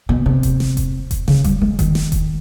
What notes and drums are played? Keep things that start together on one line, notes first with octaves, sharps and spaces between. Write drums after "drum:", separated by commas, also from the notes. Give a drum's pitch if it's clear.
B2
C3
drum: kick E1, hi-hat
drum: snare
drum: kick E1, hi-hat
drum: kick E1, hi-hat
C#3, drum: snare
G3, drum: kick E1, hi-hat
G#3
D#3, drum: kick E1, hi-hat
drum: snare
drum: kick E1, hi-hat